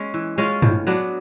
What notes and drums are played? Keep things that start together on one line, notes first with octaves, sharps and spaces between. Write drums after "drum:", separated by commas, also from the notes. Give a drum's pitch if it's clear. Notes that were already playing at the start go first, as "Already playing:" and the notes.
Already playing: G#3 A#3 C#4
E3
G#3 C#4 F4
A2, drum: tom G2
F#3 B3 D4